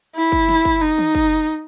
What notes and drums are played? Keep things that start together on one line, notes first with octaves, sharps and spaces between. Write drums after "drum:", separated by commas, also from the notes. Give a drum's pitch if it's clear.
E4
drum: kick
drum: snare
drum: kick
D#4
drum: tom
drum: kick